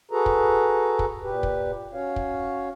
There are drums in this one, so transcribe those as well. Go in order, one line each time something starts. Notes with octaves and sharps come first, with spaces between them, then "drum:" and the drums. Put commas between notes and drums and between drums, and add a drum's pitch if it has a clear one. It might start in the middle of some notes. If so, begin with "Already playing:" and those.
F#4 G#4 A4 B4 A#5
drum: kick
drum: kick
A#2 G4 B4
drum: kick
C#4 F#4 C#5 F5
drum: kick